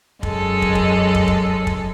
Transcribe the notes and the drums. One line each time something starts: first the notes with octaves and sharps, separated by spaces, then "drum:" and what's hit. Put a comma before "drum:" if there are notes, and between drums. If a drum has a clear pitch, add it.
F#2 G#3 A4, drum: kick
drum: kick
drum: kick
drum: kick
drum: kick
drum: kick